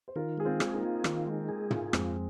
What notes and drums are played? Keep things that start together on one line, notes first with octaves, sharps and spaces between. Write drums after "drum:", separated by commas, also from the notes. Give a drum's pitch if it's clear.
C5
D#3 F4 A#4
G#3 G#4
C4 F4
G#4, drum: rim click
A#3 D#4
F4
D#3, drum: rim click
G#3
G#4
F4, drum: tom
F2 G#3 C4, drum: rim click